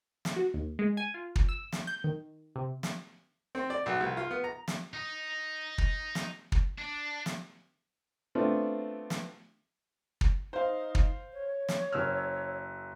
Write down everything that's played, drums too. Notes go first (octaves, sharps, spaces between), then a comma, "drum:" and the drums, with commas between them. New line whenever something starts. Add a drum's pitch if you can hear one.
drum: snare
F#4
D#2
G#3
G#5
F4
drum: kick
E6
drum: snare
G6
D#3
C3
drum: snare
C4
D5
B1
C2
F4
B3
A#5
drum: snare
D#4
drum: kick
drum: snare
drum: kick
D4
drum: snare
A3 B3 C4 D4 F4
drum: snare
drum: kick
D#4 C5 F5
drum: kick
C#5
drum: snare
F#1 E6 F6